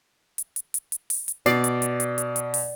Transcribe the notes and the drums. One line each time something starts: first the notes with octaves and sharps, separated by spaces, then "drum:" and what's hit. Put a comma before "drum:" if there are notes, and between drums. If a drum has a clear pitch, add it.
drum: hi-hat
drum: hi-hat
drum: hi-hat
drum: hi-hat
drum: open hi-hat
drum: hi-hat
B2 D5 C7, drum: snare
drum: hi-hat
drum: hi-hat
drum: hi-hat
drum: hi-hat
drum: hi-hat
drum: open hi-hat